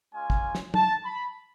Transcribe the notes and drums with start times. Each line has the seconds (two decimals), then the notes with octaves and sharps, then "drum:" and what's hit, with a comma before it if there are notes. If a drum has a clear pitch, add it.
0.12 G#3 C#4 F4 G#5
0.30 drum: kick
0.55 drum: snare
0.74 A5, drum: tom
1.04 B5